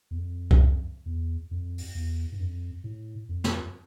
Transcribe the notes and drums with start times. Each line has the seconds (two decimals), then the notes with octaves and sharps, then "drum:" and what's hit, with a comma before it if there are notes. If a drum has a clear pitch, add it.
0.11 E2
0.16 F2
0.51 drum: kick C2
1.06 E2
1.51 F2
1.78 drum: open hi-hat
1.95 E2
2.32 G2
2.40 F2
2.84 A2
3.29 F2
3.44 drum: snare